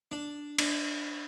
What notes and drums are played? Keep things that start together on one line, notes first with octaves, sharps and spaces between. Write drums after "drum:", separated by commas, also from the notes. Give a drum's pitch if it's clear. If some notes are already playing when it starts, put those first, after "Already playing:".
D4
D4, drum: cymbal